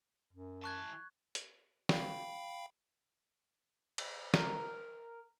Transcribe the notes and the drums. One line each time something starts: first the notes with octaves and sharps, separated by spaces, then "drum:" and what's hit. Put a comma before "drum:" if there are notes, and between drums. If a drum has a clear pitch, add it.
F#2
E3 A5 C#6 F#6 G#6
drum: hi-hat
F5 G5 B5, drum: snare
drum: cymbal
A#4, drum: snare